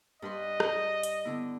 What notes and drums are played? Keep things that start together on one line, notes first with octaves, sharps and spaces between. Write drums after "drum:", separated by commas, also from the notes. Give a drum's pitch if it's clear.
G2 B4 D#5 C6
drum: rim click
drum: hi-hat
D3 B3 E4